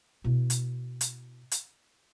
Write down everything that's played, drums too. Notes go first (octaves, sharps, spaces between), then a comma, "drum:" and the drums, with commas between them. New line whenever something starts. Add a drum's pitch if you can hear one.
B2 E4
drum: hi-hat
drum: hi-hat
drum: hi-hat